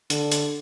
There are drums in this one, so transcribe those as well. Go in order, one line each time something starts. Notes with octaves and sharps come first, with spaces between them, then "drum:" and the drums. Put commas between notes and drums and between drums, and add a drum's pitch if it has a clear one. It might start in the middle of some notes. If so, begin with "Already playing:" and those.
D3, drum: hi-hat
drum: hi-hat